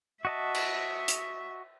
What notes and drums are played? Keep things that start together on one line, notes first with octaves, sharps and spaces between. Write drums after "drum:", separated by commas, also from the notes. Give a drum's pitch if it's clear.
F#4 D#5 E5 A5
drum: cymbal
drum: hi-hat